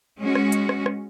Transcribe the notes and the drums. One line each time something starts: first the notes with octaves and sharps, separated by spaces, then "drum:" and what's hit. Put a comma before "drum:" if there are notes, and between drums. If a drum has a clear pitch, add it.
G#3 C#4 F#4
drum: rim click
drum: hi-hat
drum: rim click
drum: rim click